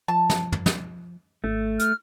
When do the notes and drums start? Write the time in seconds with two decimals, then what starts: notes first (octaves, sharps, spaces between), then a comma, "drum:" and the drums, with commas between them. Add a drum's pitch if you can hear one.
0.08 F3 A5
0.30 drum: snare
0.52 drum: tom
0.66 drum: snare
1.44 G#1 A3
1.79 F6, drum: hi-hat